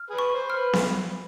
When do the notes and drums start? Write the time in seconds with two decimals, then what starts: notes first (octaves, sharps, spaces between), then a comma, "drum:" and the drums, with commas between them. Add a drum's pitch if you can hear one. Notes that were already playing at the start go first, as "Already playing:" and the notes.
Already playing: F6
0.10 G#4 B4
0.19 C#6
0.34 C5
0.50 F6
0.57 B4
0.73 drum: snare B3